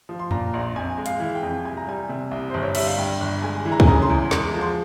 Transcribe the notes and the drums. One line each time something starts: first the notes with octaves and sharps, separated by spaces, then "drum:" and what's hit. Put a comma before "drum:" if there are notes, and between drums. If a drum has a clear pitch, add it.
F3
C6
A#2 A#5, drum: tom F2
A#1
F2 G#5
G#3
F5, drum: hi-hat
E3
G5
F2
C2 G#5
A#5
G3 G#5
C3
C2
G1 C5
C#5
G3 E5, drum: cymbal
F5
G2 G5
G1
G#3 G#5
E3
A#5
G#5, drum: kick
C#3 A#5
C6
E2
G#3 C#6, drum: snare
F3
C6